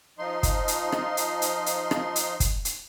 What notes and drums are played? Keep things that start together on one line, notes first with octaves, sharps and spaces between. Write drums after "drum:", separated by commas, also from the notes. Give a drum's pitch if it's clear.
F3 D#4 C6
drum: kick, hi-hat
drum: hi-hat
drum: rim click
drum: hi-hat
drum: hi-hat
drum: hi-hat
drum: rim click
drum: hi-hat
drum: kick, hi-hat
drum: hi-hat